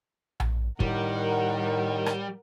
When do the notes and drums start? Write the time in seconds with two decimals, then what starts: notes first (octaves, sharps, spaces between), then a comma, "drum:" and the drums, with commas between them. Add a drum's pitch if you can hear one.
0.40 drum: tom A#1
0.80 A2 D#3 G3 A#4 F#5, drum: kick
2.06 drum: rim click